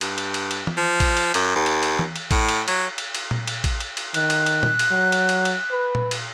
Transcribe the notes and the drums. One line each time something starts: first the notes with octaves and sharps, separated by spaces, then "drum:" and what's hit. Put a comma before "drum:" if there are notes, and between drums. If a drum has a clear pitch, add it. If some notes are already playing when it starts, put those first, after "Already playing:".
G2, drum: cymbal
drum: cymbal
drum: cymbal
drum: cymbal
drum: tom
F3
drum: kick A1, cymbal
drum: cymbal
F#2, drum: cymbal
D#2
drum: cymbal
drum: cymbal
drum: tom
drum: cymbal
A2, drum: kick A1, cymbal
drum: cymbal
F#3, drum: cymbal
drum: cymbal
drum: cymbal
drum: tom A#2
drum: cymbal
drum: kick A1, cymbal
drum: cymbal
drum: cymbal
D#3 F#6, drum: cymbal
drum: cymbal
drum: cymbal
drum: tom A#2
drum: cymbal
F#3
drum: cymbal
drum: cymbal
drum: cymbal
B4
drum: tom A#2
drum: cymbal